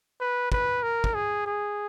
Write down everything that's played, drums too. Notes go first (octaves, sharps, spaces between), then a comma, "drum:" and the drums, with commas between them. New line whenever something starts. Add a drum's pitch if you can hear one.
B4
B4, drum: kick
A#4
drum: kick
G#4
G#4